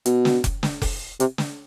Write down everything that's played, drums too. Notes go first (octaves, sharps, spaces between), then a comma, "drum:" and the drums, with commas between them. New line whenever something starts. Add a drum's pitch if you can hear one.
B2, drum: hi-hat
drum: snare
drum: kick F1, hi-hat
drum: snare
drum: kick F1, open hi-hat
C3, drum: hi-hat
drum: snare